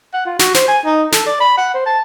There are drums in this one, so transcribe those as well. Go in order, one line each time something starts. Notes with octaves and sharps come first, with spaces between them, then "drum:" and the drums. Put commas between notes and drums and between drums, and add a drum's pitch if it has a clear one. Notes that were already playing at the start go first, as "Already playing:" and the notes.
F#5
F4
F#4, drum: snare
C5, drum: snare
G#5
D#4
A4, drum: snare
D5
B5
F#5
C5
A5